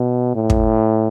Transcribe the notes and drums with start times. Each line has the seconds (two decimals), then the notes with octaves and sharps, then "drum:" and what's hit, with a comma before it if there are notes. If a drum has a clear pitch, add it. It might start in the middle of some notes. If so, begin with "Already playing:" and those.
Already playing: B2
0.35 A2
0.50 drum: kick